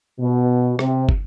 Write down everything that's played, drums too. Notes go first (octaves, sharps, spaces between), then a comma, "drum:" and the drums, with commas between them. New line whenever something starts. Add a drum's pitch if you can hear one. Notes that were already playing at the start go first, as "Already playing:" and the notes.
B2
C3, drum: rim click
drum: kick